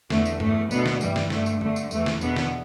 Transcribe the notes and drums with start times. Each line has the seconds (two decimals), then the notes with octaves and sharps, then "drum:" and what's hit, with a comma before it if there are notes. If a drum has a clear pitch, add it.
0.10 E2 D3 A3, drum: snare
0.25 drum: tambourine
0.40 E2 E3 A3, drum: tom G2
0.71 D2 B2 D3 B3, drum: tambourine
0.86 drum: snare
1.01 G2 E3 G3, drum: tambourine
1.16 drum: snare
1.30 G2 D3 A3, drum: snare
1.46 drum: tambourine
1.61 G2 D3 A3, drum: tom D3
1.76 drum: tambourine
1.91 E2 E3 A3, drum: tambourine
2.06 drum: snare
2.21 E2 B2 D3 B3, drum: tambourine
2.37 drum: snare